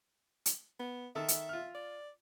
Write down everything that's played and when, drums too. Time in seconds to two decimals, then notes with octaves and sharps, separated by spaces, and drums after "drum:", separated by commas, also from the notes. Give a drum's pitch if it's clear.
0.46 drum: hi-hat
0.79 B3
1.15 D#3 A4 E5
1.28 drum: hi-hat
1.49 F4 F6
1.75 D5